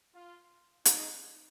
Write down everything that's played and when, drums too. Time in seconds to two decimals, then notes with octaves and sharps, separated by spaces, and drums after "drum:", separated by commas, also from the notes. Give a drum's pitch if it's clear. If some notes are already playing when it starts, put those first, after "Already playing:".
0.14 F4
0.85 D#4, drum: hi-hat